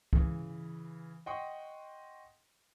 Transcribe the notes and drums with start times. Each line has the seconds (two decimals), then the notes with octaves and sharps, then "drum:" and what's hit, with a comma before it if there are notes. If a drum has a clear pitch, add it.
0.13 C#3 E3, drum: kick
1.26 D#5 F#5 G5 C6 C#6 D#6